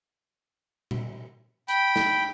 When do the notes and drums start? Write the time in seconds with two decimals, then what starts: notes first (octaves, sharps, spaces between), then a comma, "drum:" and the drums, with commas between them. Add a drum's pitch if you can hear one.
0.91 drum: tom A#2
1.68 G5 B5, drum: hi-hat
1.96 drum: snare